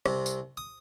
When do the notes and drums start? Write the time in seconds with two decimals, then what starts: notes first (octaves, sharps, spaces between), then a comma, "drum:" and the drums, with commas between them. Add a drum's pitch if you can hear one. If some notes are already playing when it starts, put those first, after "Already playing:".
0.06 C2 C3, drum: rim click
0.26 drum: tambourine
0.57 D#6